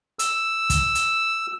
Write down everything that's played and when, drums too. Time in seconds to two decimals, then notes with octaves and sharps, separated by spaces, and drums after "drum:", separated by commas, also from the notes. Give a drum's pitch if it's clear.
0.19 E6, drum: hi-hat
0.70 drum: kick, hi-hat
0.95 drum: hi-hat